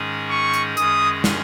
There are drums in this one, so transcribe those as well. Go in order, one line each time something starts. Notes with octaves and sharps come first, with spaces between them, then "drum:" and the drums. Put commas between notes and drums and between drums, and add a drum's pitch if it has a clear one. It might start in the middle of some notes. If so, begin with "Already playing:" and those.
Already playing: G#2 D#3 G#3 C#4 G#4
C#6
drum: hi-hat
F#2 D#3 G#3 C#4 G#4 D#6, drum: hi-hat
drum: snare